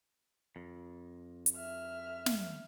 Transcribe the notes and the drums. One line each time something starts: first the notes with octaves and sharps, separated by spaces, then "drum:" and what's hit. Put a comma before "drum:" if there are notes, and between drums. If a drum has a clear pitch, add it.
F2
drum: hi-hat
E5 F6
drum: snare